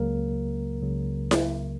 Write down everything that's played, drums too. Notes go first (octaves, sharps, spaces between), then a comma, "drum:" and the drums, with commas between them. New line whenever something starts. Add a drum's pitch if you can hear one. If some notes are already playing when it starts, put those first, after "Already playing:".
Already playing: C#2 C#3 F#3 A#3 A#4
C#2 C#3 F#3
drum: snare E4